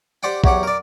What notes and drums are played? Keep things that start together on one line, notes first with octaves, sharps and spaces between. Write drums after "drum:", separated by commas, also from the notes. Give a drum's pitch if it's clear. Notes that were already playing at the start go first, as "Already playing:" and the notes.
G4 C5 D5 F#5 G5
E2 F#3 G4 F#5, drum: kick A#1
A#4 D5